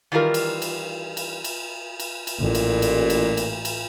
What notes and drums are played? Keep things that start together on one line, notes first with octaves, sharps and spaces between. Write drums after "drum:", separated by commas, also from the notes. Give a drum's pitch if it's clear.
D#3 E3 G3 F4 A#4
drum: cymbal
drum: cymbal
drum: cymbal
drum: cymbal
drum: cymbal
drum: cymbal
A1 A#2
drum: cymbal
drum: cymbal
drum: cymbal
drum: cymbal
drum: cymbal